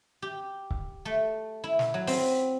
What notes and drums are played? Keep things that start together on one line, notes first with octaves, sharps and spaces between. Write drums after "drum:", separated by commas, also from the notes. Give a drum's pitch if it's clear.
G4
drum: kick C#1
A3
E4
drum: snare
F#3
C4, drum: open hi-hat